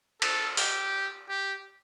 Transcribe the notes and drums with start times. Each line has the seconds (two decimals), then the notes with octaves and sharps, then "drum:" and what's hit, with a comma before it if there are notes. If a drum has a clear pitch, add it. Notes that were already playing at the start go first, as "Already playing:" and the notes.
0.22 A4, drum: cymbal
0.57 G4, drum: open hi-hat
1.29 G4